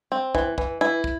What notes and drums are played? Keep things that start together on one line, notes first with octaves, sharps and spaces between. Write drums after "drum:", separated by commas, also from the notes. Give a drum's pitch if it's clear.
C4
E3, drum: kick
E3, drum: kick
E3 E4
drum: kick